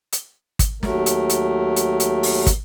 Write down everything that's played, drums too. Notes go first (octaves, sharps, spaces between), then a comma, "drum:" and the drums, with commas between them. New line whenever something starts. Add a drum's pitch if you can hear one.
drum: hi-hat
drum: kick, hi-hat
D#2 F#3 A3 A#4, drum: snare
drum: hi-hat
drum: hi-hat
drum: hi-hat
drum: hi-hat
drum: open hi-hat
drum: kick, hi-hat